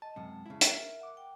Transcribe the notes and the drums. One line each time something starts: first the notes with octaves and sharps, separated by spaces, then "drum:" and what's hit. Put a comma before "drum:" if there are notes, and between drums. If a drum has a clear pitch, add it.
D#5 A5
F#2 C3 G#3
C#3 E4
A#4 E5, drum: hi-hat
F#5 D6
G5